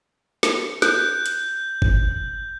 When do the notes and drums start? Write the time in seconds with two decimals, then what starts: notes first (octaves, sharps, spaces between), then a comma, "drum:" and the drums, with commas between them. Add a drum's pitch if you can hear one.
0.43 drum: snare
0.82 F#6 G6, drum: snare
1.26 drum: hi-hat
1.82 drum: kick G1